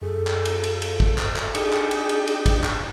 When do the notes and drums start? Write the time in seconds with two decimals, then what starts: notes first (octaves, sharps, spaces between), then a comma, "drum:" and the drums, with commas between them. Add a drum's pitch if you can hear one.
0.02 F#2 G#4 A4
0.27 drum: clap
0.45 drum: cymbal
0.64 drum: cymbal
0.82 drum: cymbal
1.00 drum: kick
1.18 drum: clap
1.36 drum: clap
1.55 D4 D#4 G4 G#4 C#7, drum: cymbal
1.73 drum: clap
1.91 drum: cymbal
2.09 drum: cymbal
2.27 drum: cymbal
2.46 drum: kick, cymbal
2.64 drum: clap